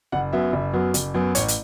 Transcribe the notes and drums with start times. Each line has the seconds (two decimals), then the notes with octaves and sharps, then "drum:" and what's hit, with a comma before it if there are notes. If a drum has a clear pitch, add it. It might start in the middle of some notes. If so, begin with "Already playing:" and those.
0.12 F#1 F#5
0.33 F#2 F#3 B3 E5
0.53 F#1
0.73 F#2 F#3 B3
0.94 F#1, drum: hi-hat
1.14 F#2 F#3 B3
1.35 A1 C#5, drum: hi-hat
1.48 drum: hi-hat